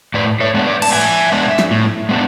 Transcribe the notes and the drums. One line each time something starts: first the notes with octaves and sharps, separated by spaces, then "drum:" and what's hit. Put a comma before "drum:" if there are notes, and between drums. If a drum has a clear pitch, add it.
A2 B4 D5
C#5 E5
G#3 B3 D4
B4 D5
A5, drum: cymbal
A2 E5 G#5
G#3 B3 D4
drum: snare
A2
G#3 B3 D4